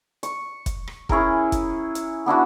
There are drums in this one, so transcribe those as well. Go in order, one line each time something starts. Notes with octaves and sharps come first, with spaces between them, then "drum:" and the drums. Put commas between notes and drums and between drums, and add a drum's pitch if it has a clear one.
C#6, drum: hi-hat
drum: kick, hi-hat
drum: rim click
C#4 E4 G#4 A#4, drum: kick
drum: kick, hi-hat
drum: hi-hat
B3 D4 E4 F#4